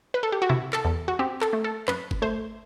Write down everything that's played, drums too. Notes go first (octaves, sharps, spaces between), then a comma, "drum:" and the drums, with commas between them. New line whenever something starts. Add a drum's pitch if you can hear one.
B4
A4
G4
F#4
C3 E4
A4, drum: clap
E2
F#4
C4 G4
A4, drum: clap
A3
A4
F#2 B4, drum: clap
drum: kick
A3 C5